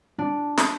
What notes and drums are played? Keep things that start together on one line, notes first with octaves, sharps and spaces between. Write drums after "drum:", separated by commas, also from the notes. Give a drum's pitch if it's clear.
D4
drum: snare